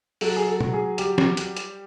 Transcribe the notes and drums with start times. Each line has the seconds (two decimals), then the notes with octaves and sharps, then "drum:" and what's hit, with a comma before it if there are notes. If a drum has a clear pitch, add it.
0.21 F#3 A4, drum: open hi-hat
0.36 G#4
0.48 A4
0.61 F#3, drum: tom
0.73 G#4
0.98 G3 G4, drum: hi-hat
1.18 drum: snare
1.37 G3, drum: hi-hat
1.57 drum: hi-hat